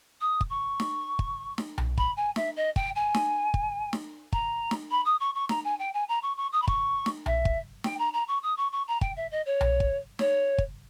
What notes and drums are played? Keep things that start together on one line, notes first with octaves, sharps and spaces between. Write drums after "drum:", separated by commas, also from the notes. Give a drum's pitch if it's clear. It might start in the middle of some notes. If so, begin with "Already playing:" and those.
D#6
drum: kick
C#6
drum: snare
drum: kick
drum: snare
drum: tom B1
B5, drum: kick
G#5
E5, drum: snare
D#5
G5, drum: kick
G#5
drum: snare
drum: kick
drum: snare
A#5, drum: kick
drum: snare
B5
D#6
C#6
C#6
A#5, drum: snare
G#5
G5
G#5
A#5
C#6
C#6
D#6
B5
C#6, drum: kick
drum: snare
E5, drum: tom B1
drum: kick
G5, drum: snare
A#5
A#5
C#6
D#6
C#6
C#6
A#5
G5, drum: kick
E5
D#5
C#5
drum: tom B1
drum: kick
C#5, drum: snare
drum: kick